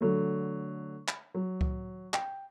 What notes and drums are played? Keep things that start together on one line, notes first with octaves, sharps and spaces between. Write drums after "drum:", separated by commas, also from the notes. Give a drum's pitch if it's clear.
D3 F#3 A3
drum: clap
F#3
drum: kick C#2
G5, drum: clap